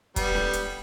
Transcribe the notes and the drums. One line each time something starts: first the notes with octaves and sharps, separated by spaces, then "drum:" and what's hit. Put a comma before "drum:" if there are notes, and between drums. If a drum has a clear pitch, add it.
G3 B3, drum: kick, hi-hat
drum: snare
drum: hi-hat